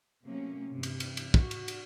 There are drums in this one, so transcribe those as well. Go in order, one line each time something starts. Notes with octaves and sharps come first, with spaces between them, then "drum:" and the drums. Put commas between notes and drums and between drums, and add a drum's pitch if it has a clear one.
C3 F#3 A3 A#3 C#4
G2 C3 E3
drum: cymbal
drum: cymbal
drum: cymbal
F#4, drum: kick
drum: cymbal
drum: cymbal